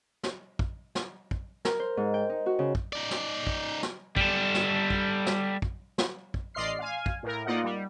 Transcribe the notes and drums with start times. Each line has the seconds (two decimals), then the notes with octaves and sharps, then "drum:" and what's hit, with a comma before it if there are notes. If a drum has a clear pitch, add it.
0.23 drum: snare
0.59 drum: kick
0.95 drum: snare
1.31 drum: kick
1.65 A#4, drum: snare
1.80 C5
1.97 G#2
2.14 G5
2.29 D#4
2.46 F#4
2.59 C#3
2.75 drum: kick
2.93 D#4 D5
3.11 drum: snare
3.47 drum: kick
3.83 drum: snare
4.16 G3 A4, drum: kick
4.54 drum: snare
4.90 drum: kick
5.26 drum: snare
5.62 drum: kick
5.98 drum: snare
6.34 drum: kick
6.54 A1 D5 D#5 C6 F6 C7
6.79 F5 G#5
7.06 drum: kick
7.23 A2 A#4
7.46 A#3 D#4 F4 D5 D#5 F#5
7.64 G3